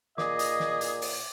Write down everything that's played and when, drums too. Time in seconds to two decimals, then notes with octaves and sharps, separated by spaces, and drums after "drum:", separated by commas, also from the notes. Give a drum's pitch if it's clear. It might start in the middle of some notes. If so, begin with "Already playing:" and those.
0.18 A#2 G#4 D#5 D6, drum: snare
0.39 drum: hi-hat
0.60 drum: snare
0.81 drum: hi-hat
1.02 drum: open hi-hat